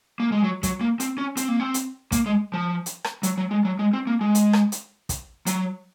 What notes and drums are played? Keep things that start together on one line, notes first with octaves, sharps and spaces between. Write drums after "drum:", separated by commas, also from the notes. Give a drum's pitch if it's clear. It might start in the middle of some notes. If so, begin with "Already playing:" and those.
A#3
G#3
F#3
F#3, drum: kick, hi-hat
A#3
C4, drum: hi-hat
C#4
C4, drum: hi-hat
A#3
C4
drum: hi-hat
A#3, drum: kick, hi-hat
G#3
F3
drum: hi-hat
drum: rim click
F#3, drum: hi-hat
F#3
G#3
F#3
G#3
C4
A#3
G#3
drum: hi-hat
drum: rim click
drum: hi-hat
drum: kick, hi-hat
F#3, drum: hi-hat